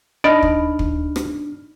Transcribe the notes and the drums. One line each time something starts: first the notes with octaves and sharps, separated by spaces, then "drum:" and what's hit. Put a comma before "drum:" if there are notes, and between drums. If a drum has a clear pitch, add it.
D4 D#4 D5 D#5 B5 F6
drum: kick
drum: kick
drum: rim click